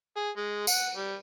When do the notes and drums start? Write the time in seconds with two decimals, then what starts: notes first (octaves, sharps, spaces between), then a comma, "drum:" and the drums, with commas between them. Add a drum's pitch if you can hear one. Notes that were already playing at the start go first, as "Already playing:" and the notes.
0.16 G#4
0.37 G#3
0.67 F#5, drum: tambourine
0.96 G3